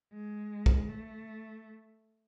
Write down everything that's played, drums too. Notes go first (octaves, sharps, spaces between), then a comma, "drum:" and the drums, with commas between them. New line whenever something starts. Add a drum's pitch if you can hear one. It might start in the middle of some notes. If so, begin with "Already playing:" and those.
G#3
drum: kick
A3